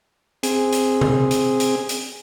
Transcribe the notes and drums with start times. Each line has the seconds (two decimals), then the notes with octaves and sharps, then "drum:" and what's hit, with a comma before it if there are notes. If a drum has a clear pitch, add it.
0.43 C4 G#4, drum: hi-hat
0.72 drum: hi-hat
1.01 drum: tom C3
1.31 drum: hi-hat
1.60 drum: hi-hat
1.89 drum: hi-hat